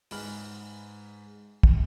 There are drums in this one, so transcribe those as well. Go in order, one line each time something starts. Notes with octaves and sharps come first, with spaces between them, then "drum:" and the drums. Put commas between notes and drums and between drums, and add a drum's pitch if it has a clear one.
G#2 G#3 B4 B5 F6 F#7, drum: open hi-hat
drum: kick